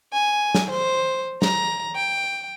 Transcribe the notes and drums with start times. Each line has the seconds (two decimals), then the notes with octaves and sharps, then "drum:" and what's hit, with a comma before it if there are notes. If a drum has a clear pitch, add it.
0.13 G#5
0.55 drum: snare
0.70 C5
1.42 A#5, drum: snare
1.96 G5